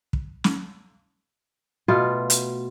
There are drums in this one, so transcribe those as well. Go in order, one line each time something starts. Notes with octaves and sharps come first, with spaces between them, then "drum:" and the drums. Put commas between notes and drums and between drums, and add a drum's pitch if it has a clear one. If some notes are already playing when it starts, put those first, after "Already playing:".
drum: kick
drum: snare
B2 A3 F4 B4
drum: hi-hat